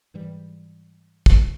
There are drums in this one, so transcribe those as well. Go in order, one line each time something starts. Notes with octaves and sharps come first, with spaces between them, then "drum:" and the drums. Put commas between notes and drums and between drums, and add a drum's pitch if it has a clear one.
G#2 E3 G3
drum: kick